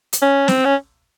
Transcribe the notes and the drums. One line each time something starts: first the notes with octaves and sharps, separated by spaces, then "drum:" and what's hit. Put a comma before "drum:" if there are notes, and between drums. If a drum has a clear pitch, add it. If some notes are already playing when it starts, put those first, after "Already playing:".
drum: hi-hat
C#4
C4, drum: snare
C#4